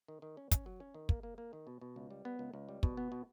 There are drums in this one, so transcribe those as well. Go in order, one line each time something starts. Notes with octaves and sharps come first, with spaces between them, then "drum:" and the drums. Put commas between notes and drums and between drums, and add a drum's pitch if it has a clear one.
D#3
D#3
C#4
C#4, drum: kick, hi-hat
F#3
C#4
D#3
A#3, drum: kick
A#3
A#3
D#3
B2
B2
C#2
G3
B3
C#2
C#2
G3
B2, drum: kick
B3
B2